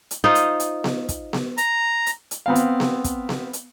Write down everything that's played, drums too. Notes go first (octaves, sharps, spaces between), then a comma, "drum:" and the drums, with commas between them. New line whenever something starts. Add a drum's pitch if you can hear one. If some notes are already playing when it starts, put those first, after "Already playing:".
drum: hi-hat
D#4 F4 C5
drum: hi-hat
drum: hi-hat
drum: snare B3
drum: kick, hi-hat
drum: snare B3
A#5, drum: hi-hat
drum: hi-hat
drum: hi-hat
B3 C4 F5
drum: hi-hat
drum: snare B3
drum: kick, hi-hat
drum: snare B3
drum: hi-hat